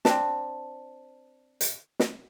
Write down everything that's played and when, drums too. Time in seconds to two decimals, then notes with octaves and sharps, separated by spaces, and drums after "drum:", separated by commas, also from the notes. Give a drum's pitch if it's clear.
0.05 C4 D4 A5, drum: snare
1.61 drum: hi-hat
1.99 drum: snare